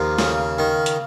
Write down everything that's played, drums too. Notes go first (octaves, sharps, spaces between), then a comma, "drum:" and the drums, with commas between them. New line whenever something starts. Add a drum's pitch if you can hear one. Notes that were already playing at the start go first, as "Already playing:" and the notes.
Already playing: D#2 F3 A#3
C#3, drum: snare
D#3
drum: hi-hat